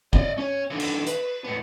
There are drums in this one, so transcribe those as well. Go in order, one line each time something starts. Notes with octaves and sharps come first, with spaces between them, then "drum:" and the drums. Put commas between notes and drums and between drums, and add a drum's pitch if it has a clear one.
D5 D#5, drum: kick
C#4 C#5
D3 E3
drum: cymbal
B4, drum: hi-hat
A2 B3